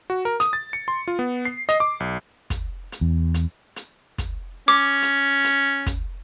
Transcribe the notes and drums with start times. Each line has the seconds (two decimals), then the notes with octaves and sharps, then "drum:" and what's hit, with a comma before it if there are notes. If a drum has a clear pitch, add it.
0.10 F#4
0.25 A#4
0.40 D#6, drum: hi-hat
0.53 A6
0.73 C#7
0.88 C6
1.08 F4
1.19 B3
1.45 C7
1.69 D#5, drum: hi-hat
1.80 D6
2.00 B1
2.50 drum: kick, hi-hat
2.92 drum: hi-hat
3.01 E2
3.34 drum: hi-hat
3.76 drum: hi-hat
4.18 drum: kick, hi-hat
4.68 C#4 D6
5.02 drum: hi-hat
5.44 drum: hi-hat
5.86 drum: kick, hi-hat